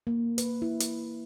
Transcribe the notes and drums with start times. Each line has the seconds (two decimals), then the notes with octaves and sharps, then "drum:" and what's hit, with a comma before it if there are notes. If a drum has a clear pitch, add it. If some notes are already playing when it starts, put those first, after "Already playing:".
0.07 A#3
0.38 B4, drum: hi-hat
0.62 E4
0.80 drum: hi-hat